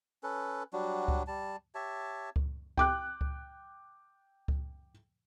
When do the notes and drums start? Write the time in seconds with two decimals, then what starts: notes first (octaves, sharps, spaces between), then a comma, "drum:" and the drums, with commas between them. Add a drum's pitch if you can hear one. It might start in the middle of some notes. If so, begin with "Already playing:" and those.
0.23 C#4 A4 B4
0.73 F#3 G3 D4 F#4
1.08 drum: kick C#2
1.27 G3 A5
1.75 G4 C#5 E5 A5
2.36 drum: kick C#2
2.77 G5 D6 F#6, drum: kick C#2
3.21 drum: kick C#2
4.48 drum: kick C#2